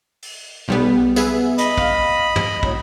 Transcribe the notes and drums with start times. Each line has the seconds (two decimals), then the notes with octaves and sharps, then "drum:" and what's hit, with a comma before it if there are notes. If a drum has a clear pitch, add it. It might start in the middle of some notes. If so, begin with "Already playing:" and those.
0.22 drum: open hi-hat
0.68 B1 G3 B3
1.16 B3 G#4 E5, drum: tambourine
1.58 D#5 B5, drum: hi-hat
1.78 F5, drum: kick
2.36 drum: tom
2.63 A2 F#3, drum: kick